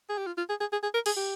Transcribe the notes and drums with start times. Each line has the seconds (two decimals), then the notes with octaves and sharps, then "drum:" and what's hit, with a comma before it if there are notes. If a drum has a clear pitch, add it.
0.09 G#4
0.18 G4
0.26 F4
0.37 F4
0.49 G#4
0.60 G#4
0.72 G#4
0.83 G#4
0.94 A#4
1.06 G#4, drum: cymbal
1.16 G4